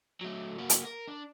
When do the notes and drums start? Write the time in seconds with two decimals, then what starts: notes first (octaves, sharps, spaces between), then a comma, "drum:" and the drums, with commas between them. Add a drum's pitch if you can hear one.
0.21 F#3 A3
0.58 A#3 F#4
0.70 drum: hi-hat
0.85 A#4
1.08 D4